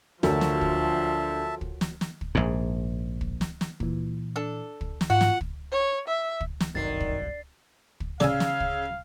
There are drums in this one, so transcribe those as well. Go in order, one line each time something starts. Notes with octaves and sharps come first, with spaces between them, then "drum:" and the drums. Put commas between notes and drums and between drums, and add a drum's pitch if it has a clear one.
D2 F3 F#4 A#4 C#5 E5 A5, drum: snare
drum: snare
drum: kick
drum: kick
drum: snare
drum: snare
drum: kick
A#1 G#2
drum: kick
drum: snare
drum: snare
A#2 E3, drum: kick
D4 A4
drum: kick
drum: snare
G#2 F4 F#4 F#5
drum: snare
drum: kick
C#5
E5
drum: kick
drum: snare
G1 C2 F#2 D3 D#3 A6 C7
drum: kick
drum: kick
C#3 D5 F5 G#5 E6, drum: snare
drum: snare
drum: kick